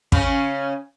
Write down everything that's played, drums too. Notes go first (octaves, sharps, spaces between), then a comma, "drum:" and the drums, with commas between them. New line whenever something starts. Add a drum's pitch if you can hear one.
C#3 C#4, drum: kick